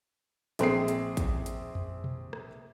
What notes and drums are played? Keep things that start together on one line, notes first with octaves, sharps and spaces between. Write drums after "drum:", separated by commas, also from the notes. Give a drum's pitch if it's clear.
A#1 C4 G#4 C7, drum: hi-hat
drum: hi-hat
drum: kick, hi-hat
drum: hi-hat
drum: tom F2
drum: tom B2
drum: rim click